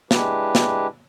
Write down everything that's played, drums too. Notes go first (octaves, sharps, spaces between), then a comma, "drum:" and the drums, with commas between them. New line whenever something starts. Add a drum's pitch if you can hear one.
G#3 D4 E4 G4 B4, drum: snare
drum: snare